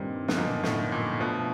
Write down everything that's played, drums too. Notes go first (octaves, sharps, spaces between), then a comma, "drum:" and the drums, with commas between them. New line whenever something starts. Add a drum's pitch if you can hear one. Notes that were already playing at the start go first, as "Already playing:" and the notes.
Already playing: G2 A#2 D#3 G3 C4 D#4
B2, drum: snare
F#2 A#2 D3 F3 A#3 D#4
A2, drum: snare
A#2
B2 F3 A3 D4